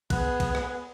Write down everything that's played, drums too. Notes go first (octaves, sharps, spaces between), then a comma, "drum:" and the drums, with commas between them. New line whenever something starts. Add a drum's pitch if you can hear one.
B3 G#4 F#6, drum: kick, cymbal
drum: kick, cymbal
drum: rim click